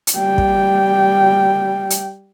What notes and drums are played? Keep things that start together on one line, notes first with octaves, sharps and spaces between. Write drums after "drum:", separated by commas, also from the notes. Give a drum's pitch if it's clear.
drum: hi-hat
G3 G5
drum: kick
drum: hi-hat